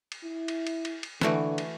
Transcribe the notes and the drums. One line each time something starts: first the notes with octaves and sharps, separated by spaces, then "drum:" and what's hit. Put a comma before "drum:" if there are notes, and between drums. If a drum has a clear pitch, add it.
drum: cymbal
E4
drum: cymbal
drum: cymbal
drum: cymbal
drum: cymbal
D3 E3 A3 F#4, drum: snare
drum: cymbal